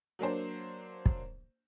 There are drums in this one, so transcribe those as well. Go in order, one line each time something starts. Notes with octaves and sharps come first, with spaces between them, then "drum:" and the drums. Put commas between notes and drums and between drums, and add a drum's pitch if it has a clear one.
F#3 A#3 D4 C5
drum: kick